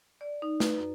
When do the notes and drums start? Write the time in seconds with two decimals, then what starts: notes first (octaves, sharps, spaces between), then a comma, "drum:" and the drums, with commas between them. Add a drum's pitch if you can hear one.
0.21 D5
0.42 D#4
0.60 B4, drum: snare
0.78 F#2